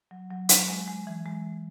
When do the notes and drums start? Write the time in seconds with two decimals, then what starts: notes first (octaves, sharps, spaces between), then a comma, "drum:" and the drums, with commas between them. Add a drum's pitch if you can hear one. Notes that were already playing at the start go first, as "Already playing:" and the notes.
0.11 F#3
0.31 F#3
0.49 F#3, drum: hi-hat
0.68 G#3
0.88 G#3
1.07 E3
1.26 G#3